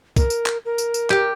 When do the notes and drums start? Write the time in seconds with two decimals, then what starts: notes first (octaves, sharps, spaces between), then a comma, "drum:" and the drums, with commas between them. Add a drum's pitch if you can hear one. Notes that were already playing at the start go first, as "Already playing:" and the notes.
0.16 A#4, drum: kick, tambourine
0.30 drum: tambourine
0.46 drum: clap
0.65 A#4
0.78 drum: tambourine
0.94 drum: tambourine
1.10 G4, drum: clap